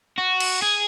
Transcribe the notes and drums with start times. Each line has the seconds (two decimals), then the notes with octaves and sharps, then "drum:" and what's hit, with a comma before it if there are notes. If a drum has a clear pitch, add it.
0.18 F#4
0.40 drum: cymbal
0.62 G#4